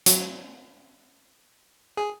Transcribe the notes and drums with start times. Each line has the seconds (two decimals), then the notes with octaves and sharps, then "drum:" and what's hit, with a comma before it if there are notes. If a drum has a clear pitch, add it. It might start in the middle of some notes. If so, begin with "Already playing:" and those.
0.06 F#3, drum: hi-hat
1.97 G#4